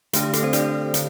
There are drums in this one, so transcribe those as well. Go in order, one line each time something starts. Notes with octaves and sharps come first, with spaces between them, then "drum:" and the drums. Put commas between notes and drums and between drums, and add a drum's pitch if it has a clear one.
D3 A3 D4, drum: hi-hat
G4
A3 A4, drum: hi-hat
C4 C5
D4 D5, drum: hi-hat
D3, drum: hi-hat